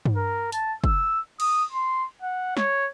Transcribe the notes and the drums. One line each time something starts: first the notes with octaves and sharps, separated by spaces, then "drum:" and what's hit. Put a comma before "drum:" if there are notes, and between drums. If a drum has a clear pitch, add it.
drum: tom G2
A#4
A5, drum: hi-hat
E6, drum: kick
D#6, drum: cymbal
C6
F#5
C#5, drum: snare